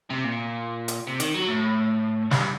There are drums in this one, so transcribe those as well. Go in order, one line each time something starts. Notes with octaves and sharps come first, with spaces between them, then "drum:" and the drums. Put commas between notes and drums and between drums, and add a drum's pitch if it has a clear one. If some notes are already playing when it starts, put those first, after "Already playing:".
C3
A#2
drum: hi-hat
C3
D#3, drum: hi-hat
F#3
A2
G2, drum: snare